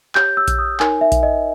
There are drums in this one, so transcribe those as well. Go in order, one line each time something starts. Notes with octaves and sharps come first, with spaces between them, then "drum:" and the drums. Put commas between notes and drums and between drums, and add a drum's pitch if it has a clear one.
G4 C#5 G6, drum: clap
E6
drum: kick A#1, hi-hat
D#6
D#4 A#4 C#5 G#5, drum: clap
E5
drum: kick A#1, hi-hat
D#5